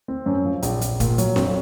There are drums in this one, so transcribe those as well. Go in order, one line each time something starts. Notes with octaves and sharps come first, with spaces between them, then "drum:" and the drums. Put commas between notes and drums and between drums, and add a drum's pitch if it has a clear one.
C4
F#2
F3
A#1, drum: hi-hat
A#1, drum: hi-hat
A#2, drum: kick D#1, hi-hat
F#3, drum: hi-hat
F2, drum: snare D4